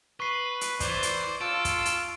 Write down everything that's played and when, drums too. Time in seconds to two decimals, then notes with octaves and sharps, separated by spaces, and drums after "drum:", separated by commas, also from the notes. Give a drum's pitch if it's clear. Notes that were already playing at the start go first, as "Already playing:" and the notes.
0.20 B4 C#6 C7 D#7
0.61 drum: hi-hat
0.80 E3 C5 D5 G6, drum: kick, hi-hat
1.03 drum: hi-hat
1.41 F4 A4 E6 D7
1.65 drum: kick, hi-hat
1.85 drum: hi-hat